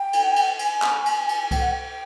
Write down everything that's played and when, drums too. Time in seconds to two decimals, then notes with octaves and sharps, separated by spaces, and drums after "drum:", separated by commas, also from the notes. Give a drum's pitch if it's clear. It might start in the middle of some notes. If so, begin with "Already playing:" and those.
Already playing: G5
0.13 drum: cymbal
0.36 drum: cymbal
0.59 G#5, drum: cymbal
0.82 drum: clap
1.05 drum: cymbal
1.29 drum: cymbal
1.51 G5, drum: kick C2, cymbal
1.61 F#5
1.71 G5